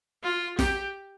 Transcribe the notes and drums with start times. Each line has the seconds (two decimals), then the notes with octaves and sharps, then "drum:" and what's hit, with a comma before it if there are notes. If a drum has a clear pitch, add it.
0.23 F4
0.59 G4, drum: snare